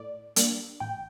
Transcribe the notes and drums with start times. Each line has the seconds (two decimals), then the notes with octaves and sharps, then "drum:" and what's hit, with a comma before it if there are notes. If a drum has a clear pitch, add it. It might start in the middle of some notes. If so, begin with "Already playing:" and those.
Already playing: A2 D5
0.36 G3 A#3 D4, drum: hi-hat
0.80 A1 G5